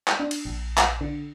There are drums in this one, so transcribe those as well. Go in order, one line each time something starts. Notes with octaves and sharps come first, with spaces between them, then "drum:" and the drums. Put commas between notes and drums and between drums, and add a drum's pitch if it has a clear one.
drum: clap
D4
drum: cymbal
A#1
drum: clap
D3